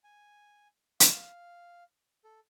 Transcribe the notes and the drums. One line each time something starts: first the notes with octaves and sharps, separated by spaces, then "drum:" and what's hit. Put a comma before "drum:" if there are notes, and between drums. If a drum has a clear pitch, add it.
G#5
F5, drum: hi-hat
A4